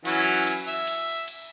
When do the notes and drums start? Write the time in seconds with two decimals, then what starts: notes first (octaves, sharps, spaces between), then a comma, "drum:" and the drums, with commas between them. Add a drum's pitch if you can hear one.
0.05 E3 F#3 C#4, drum: cymbal
0.47 drum: cymbal
0.67 E5
0.87 drum: cymbal
1.28 drum: cymbal